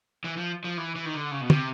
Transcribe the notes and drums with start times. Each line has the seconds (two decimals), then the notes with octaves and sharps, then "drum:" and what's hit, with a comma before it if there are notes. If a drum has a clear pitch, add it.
0.24 E3
0.37 F3
0.64 F3
0.77 E3
0.96 E3
1.05 D#3
1.14 D3
1.31 C#3
1.41 B2
1.50 C3, drum: tom